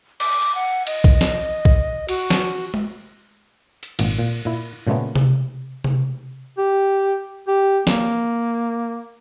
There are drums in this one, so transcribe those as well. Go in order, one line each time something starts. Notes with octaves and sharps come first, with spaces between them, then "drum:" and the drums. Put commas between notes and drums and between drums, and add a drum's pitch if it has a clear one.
D6, drum: cymbal
drum: hi-hat
F#5
D#5, drum: cymbal
drum: kick B1
drum: snare
drum: kick B1
F#4, drum: cymbal
drum: snare
drum: tom G#3
drum: hi-hat
G#1 A#2, drum: cymbal
A#2
A#2 E4
A#2 C#3 G#3 A3 B3
drum: tom C3
drum: tom C3
G4
G4
A#3, drum: snare